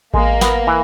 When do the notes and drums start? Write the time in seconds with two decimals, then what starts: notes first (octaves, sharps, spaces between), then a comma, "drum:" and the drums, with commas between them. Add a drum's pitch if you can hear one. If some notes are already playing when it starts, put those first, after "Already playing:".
0.14 G#3 A#3, drum: kick A1
0.41 B3, drum: snare
0.67 E3